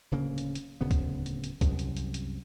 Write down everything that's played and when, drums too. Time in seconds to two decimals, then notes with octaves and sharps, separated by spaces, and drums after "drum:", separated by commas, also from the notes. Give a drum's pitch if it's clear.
0.11 D1 C#3 A#3
0.38 drum: hi-hat
0.55 drum: hi-hat
0.81 D1 D2 C#3 B3
0.91 drum: kick, hi-hat
1.26 drum: hi-hat
1.44 drum: hi-hat
1.61 C2 F#2 C3, drum: kick, hi-hat
1.79 drum: hi-hat
1.97 drum: hi-hat
2.14 drum: hi-hat